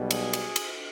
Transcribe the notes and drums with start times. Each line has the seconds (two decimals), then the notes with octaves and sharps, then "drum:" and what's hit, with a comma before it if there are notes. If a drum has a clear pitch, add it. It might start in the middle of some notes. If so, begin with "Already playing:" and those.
Already playing: B1 B2 G3
0.11 G#4, drum: cymbal
0.33 drum: cymbal
0.56 drum: cymbal